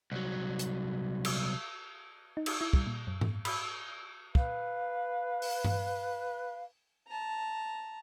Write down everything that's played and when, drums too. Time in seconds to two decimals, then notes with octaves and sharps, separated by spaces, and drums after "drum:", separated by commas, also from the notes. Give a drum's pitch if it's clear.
0.12 C2 F#3
0.59 drum: hi-hat
1.25 drum: cymbal
2.37 D#4
2.46 drum: cymbal
2.61 E4
2.73 G3, drum: kick
2.87 A#2
3.07 F#2
3.21 drum: tom G#2
3.45 B5, drum: cymbal
4.35 B4 F5, drum: kick
5.42 drum: open hi-hat
5.65 drum: tom G2
7.08 A5 A#5